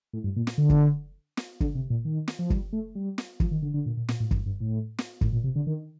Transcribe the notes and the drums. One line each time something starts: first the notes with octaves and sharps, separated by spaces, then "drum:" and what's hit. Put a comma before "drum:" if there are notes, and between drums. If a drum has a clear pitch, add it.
A2
G2
A#2
drum: snare
D3
drum: kick
drum: snare
D3, drum: kick
C3
A#2
D#3
drum: snare
F3
G3, drum: kick
A3
G3
drum: snare
F3, drum: kick
D#3
D3
D3
A#2
A#2
A#2, drum: snare
A2
G2, drum: kick
G2
A2
drum: snare
A2, drum: kick
A#2
C3
D3
D#3